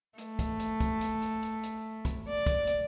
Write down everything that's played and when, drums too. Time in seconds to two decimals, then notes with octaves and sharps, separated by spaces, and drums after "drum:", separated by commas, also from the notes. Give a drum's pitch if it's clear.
0.18 A3, drum: hi-hat
0.39 drum: kick, hi-hat
0.60 drum: hi-hat
0.80 drum: kick, hi-hat
1.01 drum: hi-hat
1.22 drum: hi-hat
1.43 drum: hi-hat
1.63 drum: hi-hat
2.05 drum: kick, hi-hat
2.30 D5
2.46 drum: kick, hi-hat
2.67 drum: hi-hat